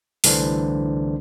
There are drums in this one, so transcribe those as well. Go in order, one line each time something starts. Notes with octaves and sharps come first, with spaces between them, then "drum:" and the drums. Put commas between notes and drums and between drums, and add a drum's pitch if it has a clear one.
C2 D3 E3 A3 D4 C5, drum: open hi-hat